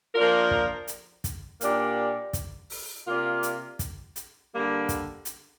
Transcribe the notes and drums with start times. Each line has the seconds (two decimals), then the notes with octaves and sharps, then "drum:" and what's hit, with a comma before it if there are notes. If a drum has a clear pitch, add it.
0.14 F3 A#3 D4 F4 A#4
0.51 drum: kick
0.88 drum: hi-hat
1.24 drum: kick, hi-hat
1.61 A#2 A#3 D4 G4 D5, drum: hi-hat
2.33 drum: kick, hi-hat
2.70 drum: open hi-hat
3.07 C3 A#3 F4 D5
3.43 drum: hi-hat
3.79 drum: kick, hi-hat
4.16 drum: hi-hat
4.52 D3 G3 A#3
4.89 drum: kick, hi-hat
5.25 drum: hi-hat